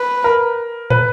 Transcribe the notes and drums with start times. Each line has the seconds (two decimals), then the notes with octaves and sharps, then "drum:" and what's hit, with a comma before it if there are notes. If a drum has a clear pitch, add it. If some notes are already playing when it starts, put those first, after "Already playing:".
Already playing: B4
0.24 A#4
0.90 B4, drum: tom